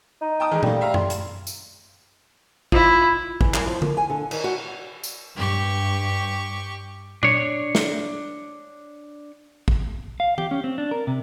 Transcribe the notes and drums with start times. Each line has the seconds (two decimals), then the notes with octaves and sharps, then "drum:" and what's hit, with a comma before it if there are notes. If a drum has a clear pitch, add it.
0.21 D#4
0.40 G5 A5 D#6
0.51 D#3 E3 G#3
0.63 G3 A3 A#3, drum: tom A#2
0.81 E5 F5 A#5
0.94 C6, drum: tom F#2
1.10 drum: hi-hat
1.47 drum: tambourine
2.72 E4 F4, drum: kick
3.41 E3, drum: kick
3.54 F#2, drum: clap
3.66 F3
3.82 A#3, drum: tom D3
3.97 G#5
4.10 D3
4.31 D#3, drum: cymbal
4.44 F#4
5.03 drum: tambourine
5.36 G2 G4 C#6
7.23 D4 C#5, drum: tom A#2
7.75 drum: snare
9.68 drum: kick
10.20 F5
10.38 G4, drum: tom E3
10.51 C#4
10.64 C4
10.78 D4
10.91 A#4
11.07 C3